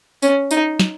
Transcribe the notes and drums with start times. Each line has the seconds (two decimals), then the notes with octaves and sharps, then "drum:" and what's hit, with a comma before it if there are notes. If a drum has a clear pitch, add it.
0.22 C#4, drum: tambourine
0.51 D#4, drum: tambourine
0.80 drum: snare